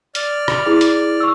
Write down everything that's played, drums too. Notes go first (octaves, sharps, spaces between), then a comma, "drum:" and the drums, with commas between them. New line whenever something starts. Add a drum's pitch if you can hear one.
D5 F6, drum: hi-hat
drum: rim click
E4 G#4 B5
drum: hi-hat
C#6 E6